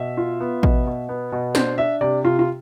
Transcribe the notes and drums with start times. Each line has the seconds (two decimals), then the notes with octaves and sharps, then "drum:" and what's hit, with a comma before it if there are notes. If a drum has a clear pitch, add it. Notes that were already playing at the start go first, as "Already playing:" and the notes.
Already playing: B2 E5
0.17 F4
0.40 B3
0.63 B2, drum: kick A1
0.86 B2
1.09 B3
1.32 B2
1.55 D4 C5, drum: snare
1.78 D4 E5
2.01 C3 D5
2.24 C3 F4
2.39 F4